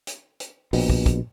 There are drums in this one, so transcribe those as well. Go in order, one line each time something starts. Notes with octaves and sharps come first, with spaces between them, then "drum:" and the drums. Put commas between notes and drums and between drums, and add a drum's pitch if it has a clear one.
drum: hi-hat
drum: hi-hat
A#1 B2, drum: open hi-hat
drum: kick
drum: kick, hi-hat